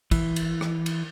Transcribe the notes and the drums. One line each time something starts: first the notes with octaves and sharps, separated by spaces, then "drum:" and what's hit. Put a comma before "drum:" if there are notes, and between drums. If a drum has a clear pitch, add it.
E3, drum: kick, cymbal
drum: cymbal
drum: rim click
drum: cymbal